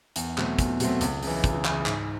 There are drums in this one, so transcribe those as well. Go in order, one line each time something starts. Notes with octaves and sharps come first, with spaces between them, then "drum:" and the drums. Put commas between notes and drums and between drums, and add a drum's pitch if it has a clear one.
E2, drum: hi-hat
B2 F#3 A3 C4, drum: clap
E2, drum: kick, hi-hat
B2 F#3 A3 C4, drum: hi-hat
C#2, drum: hi-hat
C#3 E3, drum: open hi-hat
C#2, drum: kick, hi-hat
C#3 E3, drum: clap
G#2, drum: clap